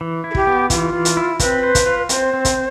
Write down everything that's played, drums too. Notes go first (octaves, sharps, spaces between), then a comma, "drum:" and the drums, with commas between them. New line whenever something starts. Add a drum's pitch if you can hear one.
E3
E4
A4
G4, drum: kick
B3
E3 F4, drum: kick, hi-hat
E3
drum: hi-hat
E4
C4 B4, drum: kick, hi-hat
C5
drum: kick, hi-hat
F4
C4 C5, drum: hi-hat
C4
drum: kick, hi-hat